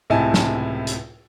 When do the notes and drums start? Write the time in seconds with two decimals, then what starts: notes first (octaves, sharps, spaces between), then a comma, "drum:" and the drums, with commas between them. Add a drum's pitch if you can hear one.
0.10 C#2 A2 C3 E4 G#5 A5
0.34 drum: snare
0.87 drum: hi-hat